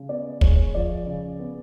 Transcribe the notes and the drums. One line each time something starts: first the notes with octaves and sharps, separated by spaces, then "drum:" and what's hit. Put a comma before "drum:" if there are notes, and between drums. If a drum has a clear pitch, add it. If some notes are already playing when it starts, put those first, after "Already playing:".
Already playing: C#3
B3 D5
G#3 C#5, drum: kick
F3 D5
C#3
B3